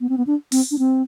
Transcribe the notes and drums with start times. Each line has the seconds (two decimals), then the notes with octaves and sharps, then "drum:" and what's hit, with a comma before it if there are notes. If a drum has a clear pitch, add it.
0.01 B3
0.09 C4
0.18 B3
0.27 D4
0.52 C4, drum: open hi-hat
0.71 D4
0.79 C4